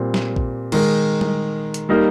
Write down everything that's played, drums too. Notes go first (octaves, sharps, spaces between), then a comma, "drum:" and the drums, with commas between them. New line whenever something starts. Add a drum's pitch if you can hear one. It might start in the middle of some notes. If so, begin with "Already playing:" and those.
Already playing: A#2 G3 C4
drum: snare
drum: kick A1
D#3 G#3 D#4 A#4, drum: cymbal
drum: tom G3
drum: hi-hat
G3 A#3 D#4 A#4